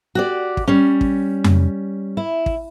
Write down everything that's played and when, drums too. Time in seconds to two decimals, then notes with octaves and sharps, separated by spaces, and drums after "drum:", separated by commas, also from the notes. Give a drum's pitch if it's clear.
0.15 F#4 G4 D5
0.57 drum: kick
0.68 G3 C#4
1.01 drum: kick
1.44 drum: tom F2
2.17 E4
2.46 drum: kick